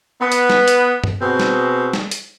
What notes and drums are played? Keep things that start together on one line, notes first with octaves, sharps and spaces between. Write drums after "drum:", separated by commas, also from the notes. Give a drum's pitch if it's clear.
B3
drum: hi-hat
drum: snare
drum: hi-hat
drum: tom G2
B2 C4 F#4 G#4
drum: snare
drum: snare
drum: hi-hat